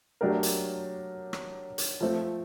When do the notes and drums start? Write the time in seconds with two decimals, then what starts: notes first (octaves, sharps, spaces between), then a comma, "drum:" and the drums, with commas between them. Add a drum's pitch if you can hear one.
0.21 F#3 A3 D4 G4 A#4
0.43 drum: hi-hat
1.33 drum: rim click
1.78 drum: hi-hat
2.01 F3 A3 C4